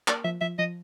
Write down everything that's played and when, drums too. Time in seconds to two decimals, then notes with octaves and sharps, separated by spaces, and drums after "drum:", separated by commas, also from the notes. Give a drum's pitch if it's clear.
0.08 A#3 D5, drum: clap
0.24 F3 E5
0.41 F3 E5
0.59 F3 D#5